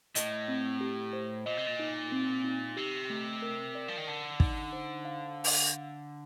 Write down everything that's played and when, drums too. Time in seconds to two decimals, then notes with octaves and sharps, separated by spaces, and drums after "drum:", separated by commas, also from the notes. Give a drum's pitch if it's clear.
0.15 A2 D#5, drum: hi-hat
0.48 C4
0.81 G4
1.13 C5
1.46 A#2 D#5
1.57 C3
1.66 A#2
1.80 D#4
2.12 C4
2.44 D#4
2.77 C3 G4
3.10 A3
3.42 A#4
3.75 D5
3.88 F3
3.98 D#3
4.07 D3 A5
4.40 D#4, drum: kick
4.73 C5
5.05 F5
5.44 drum: open hi-hat